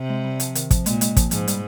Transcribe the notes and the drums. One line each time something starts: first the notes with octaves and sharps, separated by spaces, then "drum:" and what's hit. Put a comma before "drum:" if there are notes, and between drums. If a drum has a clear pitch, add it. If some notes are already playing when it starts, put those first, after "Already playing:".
Already playing: C3
G#3
G3
F3, drum: hi-hat
D#3, drum: hi-hat
F3, drum: kick, hi-hat
A#2 G#3, drum: hi-hat
G#3, drum: hi-hat
F3, drum: kick, hi-hat
G#2 F3, drum: hi-hat
G3, drum: hi-hat